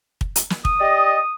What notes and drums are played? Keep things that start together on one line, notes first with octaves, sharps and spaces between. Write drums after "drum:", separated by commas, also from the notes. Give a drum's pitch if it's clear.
drum: kick
drum: hi-hat
drum: snare
D#6, drum: kick
G4 D5 D#5